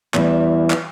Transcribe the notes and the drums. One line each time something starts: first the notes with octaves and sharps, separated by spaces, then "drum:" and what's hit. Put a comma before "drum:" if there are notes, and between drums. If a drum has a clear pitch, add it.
E2 E3 G3 E4, drum: clap
drum: clap